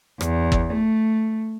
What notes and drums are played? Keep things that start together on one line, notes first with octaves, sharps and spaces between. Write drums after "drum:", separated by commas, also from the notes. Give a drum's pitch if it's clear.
E2, drum: rim click
drum: kick
A3